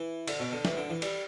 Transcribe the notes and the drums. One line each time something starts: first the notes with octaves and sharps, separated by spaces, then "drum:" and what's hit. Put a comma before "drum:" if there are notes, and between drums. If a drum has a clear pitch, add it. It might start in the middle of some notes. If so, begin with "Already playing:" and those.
Already playing: E3
D3, drum: cymbal
B2
D3
E3, drum: snare
D3
E3
G3, drum: cymbal